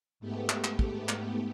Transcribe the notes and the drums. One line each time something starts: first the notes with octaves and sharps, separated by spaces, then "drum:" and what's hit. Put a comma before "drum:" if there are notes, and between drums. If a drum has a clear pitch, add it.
G#2 A3 B3 G4
drum: clap
drum: clap
drum: kick
drum: clap